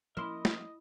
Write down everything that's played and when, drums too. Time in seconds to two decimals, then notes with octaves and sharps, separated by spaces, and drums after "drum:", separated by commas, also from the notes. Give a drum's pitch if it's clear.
0.17 F3 A#3 C#4 E4 A#4 D#5 C6
0.45 drum: snare